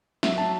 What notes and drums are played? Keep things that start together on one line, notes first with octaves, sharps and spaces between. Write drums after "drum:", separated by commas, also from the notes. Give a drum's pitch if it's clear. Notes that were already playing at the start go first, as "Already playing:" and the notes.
F#3 E5, drum: snare
A5